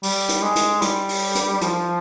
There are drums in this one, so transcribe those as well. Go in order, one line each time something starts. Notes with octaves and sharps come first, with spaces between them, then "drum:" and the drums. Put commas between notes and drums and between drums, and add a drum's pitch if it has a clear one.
G3, drum: open hi-hat
drum: hi-hat
G#3
drum: hi-hat
G3, drum: hi-hat
drum: open hi-hat
drum: hi-hat
F3, drum: hi-hat